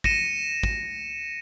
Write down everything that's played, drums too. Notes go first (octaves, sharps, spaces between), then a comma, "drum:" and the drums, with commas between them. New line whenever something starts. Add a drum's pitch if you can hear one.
A#6 C#7 D#7 E7, drum: kick
drum: kick